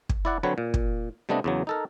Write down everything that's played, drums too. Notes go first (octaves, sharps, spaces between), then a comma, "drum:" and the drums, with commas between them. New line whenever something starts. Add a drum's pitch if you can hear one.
drum: kick
E4 D5 F#5
D3 F#3 C4 B4 C#5
A#2
drum: kick
C3 G3 A3 B3 D4 D#5
E2 C#3 F#3
D#4 A4 A#4